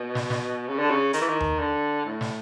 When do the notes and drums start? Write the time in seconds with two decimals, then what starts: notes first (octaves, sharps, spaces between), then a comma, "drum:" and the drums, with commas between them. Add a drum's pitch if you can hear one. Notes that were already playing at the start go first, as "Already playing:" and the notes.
Already playing: B2
0.15 drum: snare
0.30 drum: snare
0.68 C#3
0.79 D3
0.90 C#3
1.13 D#3, drum: hi-hat
1.21 E3
1.29 D#3
1.40 drum: tom D#2
1.59 D3
2.06 A2
2.21 drum: snare